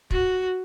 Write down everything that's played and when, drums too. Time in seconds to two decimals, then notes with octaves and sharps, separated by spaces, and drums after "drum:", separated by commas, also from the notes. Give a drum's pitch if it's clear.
0.11 F#4, drum: kick